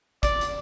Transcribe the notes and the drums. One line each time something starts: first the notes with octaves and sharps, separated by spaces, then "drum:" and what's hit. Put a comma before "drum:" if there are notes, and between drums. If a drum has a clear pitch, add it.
D5, drum: kick, hi-hat
drum: hi-hat